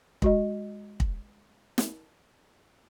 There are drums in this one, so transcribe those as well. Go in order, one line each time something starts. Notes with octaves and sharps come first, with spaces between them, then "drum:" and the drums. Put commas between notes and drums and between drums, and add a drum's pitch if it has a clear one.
G#3 F#4 D#5, drum: kick
drum: kick
drum: snare